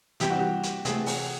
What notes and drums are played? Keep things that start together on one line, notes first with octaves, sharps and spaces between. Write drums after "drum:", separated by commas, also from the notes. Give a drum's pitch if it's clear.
C3 E3 G3 C4 G4, drum: hi-hat
F#4
G4
drum: hi-hat
C3 E3 A3 G#4, drum: hi-hat
drum: open hi-hat